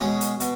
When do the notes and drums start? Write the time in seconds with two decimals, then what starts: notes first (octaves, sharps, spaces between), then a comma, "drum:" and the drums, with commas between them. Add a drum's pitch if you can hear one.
0.01 B2 G#3 C#4 G#4
0.21 drum: hi-hat
0.40 B2, drum: hi-hat